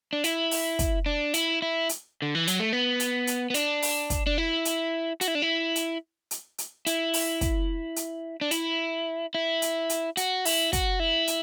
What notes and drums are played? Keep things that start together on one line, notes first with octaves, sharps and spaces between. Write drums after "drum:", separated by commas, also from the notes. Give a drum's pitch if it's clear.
D4
E4, drum: hi-hat
drum: open hi-hat
drum: kick, hi-hat
D4
E4, drum: hi-hat
E4
drum: hi-hat
D3
E3
F#3, drum: hi-hat
A3
B3
drum: hi-hat
drum: hi-hat
B3
D4, drum: hi-hat
drum: open hi-hat
drum: kick, hi-hat
D4
E4
drum: hi-hat
F#4, drum: hi-hat
E4
D4
E4
drum: hi-hat
drum: hi-hat
drum: hi-hat
E4, drum: hi-hat
drum: open hi-hat
drum: kick, hi-hat
drum: hi-hat
D4
E4, drum: hi-hat
E4
drum: hi-hat
drum: hi-hat
F#4, drum: hi-hat
E4, drum: open hi-hat
F#4, drum: kick, hi-hat
E4
drum: hi-hat